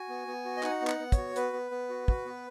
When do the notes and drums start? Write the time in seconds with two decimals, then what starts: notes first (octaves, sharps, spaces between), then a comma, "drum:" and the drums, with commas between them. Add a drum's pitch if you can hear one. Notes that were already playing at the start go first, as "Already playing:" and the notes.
Already playing: F#4 G#5
0.09 B3
0.27 B3
0.45 F#4
0.57 D#5
0.63 D#4 F#5, drum: clap
0.82 B3
0.87 F#5, drum: clap
0.99 B3
1.12 C#5, drum: kick, hi-hat
1.17 F#4
1.36 B3 B4, drum: hi-hat
1.53 B3
1.71 B3
1.89 F#4
2.08 F#4, drum: kick
2.25 B3